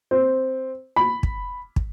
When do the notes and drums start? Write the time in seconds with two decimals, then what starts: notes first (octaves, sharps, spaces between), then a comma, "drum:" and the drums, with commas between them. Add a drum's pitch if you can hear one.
0.11 C4
0.96 B5
1.23 drum: kick
1.76 drum: kick